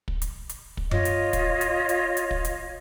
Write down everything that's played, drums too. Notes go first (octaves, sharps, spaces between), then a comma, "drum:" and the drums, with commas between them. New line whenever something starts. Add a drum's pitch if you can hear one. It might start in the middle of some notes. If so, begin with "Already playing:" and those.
drum: kick
drum: hi-hat
drum: hi-hat
drum: kick
F4 C#5 D#5, drum: tom F#2
drum: hi-hat
drum: kick, hi-hat
drum: hi-hat
drum: hi-hat
drum: hi-hat
drum: kick
drum: hi-hat